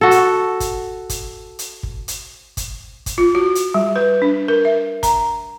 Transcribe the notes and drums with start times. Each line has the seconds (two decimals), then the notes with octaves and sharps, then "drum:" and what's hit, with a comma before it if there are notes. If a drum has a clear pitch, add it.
0.01 F#4 A4
0.11 drum: hi-hat
0.60 drum: kick G1, hi-hat
1.09 drum: kick G1, hi-hat
1.59 drum: hi-hat
1.83 drum: kick G1
2.08 drum: hi-hat
2.57 drum: kick G1, hi-hat
3.06 drum: kick G1, hi-hat
3.18 F4
3.35 F#4
3.55 drum: hi-hat
3.74 G3
3.96 B4
4.22 D4
4.48 A#4
4.65 E5
5.03 A#5, drum: kick G1, hi-hat